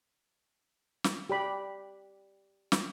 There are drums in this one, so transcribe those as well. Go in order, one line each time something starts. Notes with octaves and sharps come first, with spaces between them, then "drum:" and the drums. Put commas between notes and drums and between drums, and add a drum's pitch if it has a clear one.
drum: snare
G4 D5 B5
drum: snare